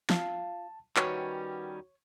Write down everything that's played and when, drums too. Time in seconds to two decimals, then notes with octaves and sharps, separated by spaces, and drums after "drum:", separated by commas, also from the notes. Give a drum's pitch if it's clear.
0.10 F4 F5 A5, drum: snare
0.96 D#3 G3 C#4 F#4 B4 C#5 F#5, drum: clap